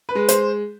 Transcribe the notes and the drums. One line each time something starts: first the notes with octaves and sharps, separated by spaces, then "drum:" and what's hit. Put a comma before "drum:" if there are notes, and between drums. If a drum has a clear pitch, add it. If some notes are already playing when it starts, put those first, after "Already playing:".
B4
G#3
C5, drum: hi-hat